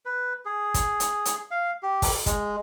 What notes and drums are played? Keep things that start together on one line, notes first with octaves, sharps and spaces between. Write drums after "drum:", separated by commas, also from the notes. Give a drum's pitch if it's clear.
B4
G#4
drum: kick, hi-hat
drum: hi-hat
drum: hi-hat
F5
G4
drum: kick, open hi-hat
G#3, drum: kick, hi-hat